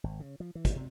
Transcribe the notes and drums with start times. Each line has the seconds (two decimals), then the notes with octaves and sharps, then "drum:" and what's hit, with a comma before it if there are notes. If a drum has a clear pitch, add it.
0.04 G#1
0.20 C#3
0.40 F3
0.55 E3
0.65 drum: kick, hi-hat
0.76 C3